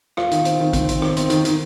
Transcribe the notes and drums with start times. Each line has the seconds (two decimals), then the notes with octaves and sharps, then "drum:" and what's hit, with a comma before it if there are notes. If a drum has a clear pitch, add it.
0.17 F4, drum: rim click
0.31 D#3, drum: hi-hat
0.45 C4, drum: hi-hat
0.60 D#3
0.73 C4, drum: kick A1, hi-hat
0.89 C4, drum: hi-hat
1.02 D#3, drum: rim click
1.17 C4, drum: hi-hat
1.30 D#3, drum: hi-hat
1.45 D#3, drum: hi-hat